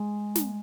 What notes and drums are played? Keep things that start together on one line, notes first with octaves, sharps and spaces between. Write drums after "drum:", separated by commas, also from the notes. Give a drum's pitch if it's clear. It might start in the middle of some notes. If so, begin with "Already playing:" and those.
Already playing: G#3
drum: snare